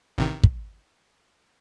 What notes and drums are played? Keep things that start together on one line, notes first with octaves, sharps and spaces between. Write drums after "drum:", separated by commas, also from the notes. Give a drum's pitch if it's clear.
A1 C3 D#3
drum: kick